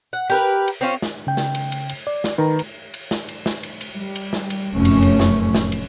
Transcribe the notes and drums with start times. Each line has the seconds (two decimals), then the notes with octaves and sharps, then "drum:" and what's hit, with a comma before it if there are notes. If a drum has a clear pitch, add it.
0.13 F#5
0.30 G4 A#4 B4
0.68 drum: cymbal
0.81 C4 C#4 F4
1.02 drum: snare
1.27 C#3 G5
1.37 drum: snare
1.55 drum: cymbal
1.72 drum: cymbal
1.89 drum: cymbal
2.07 D5
2.24 drum: snare
2.38 D#3 B4 A#5
2.59 drum: cymbal
2.94 drum: cymbal
3.11 drum: snare
3.28 drum: cymbal
3.46 drum: snare
3.63 drum: cymbal
3.81 drum: cymbal
3.91 G3
4.15 drum: cymbal
4.33 drum: snare
4.50 drum: cymbal
4.75 F1 F#2 A2 A3 C#4
4.85 drum: cymbal
5.02 drum: cymbal
5.20 drum: snare
5.55 drum: snare
5.72 drum: cymbal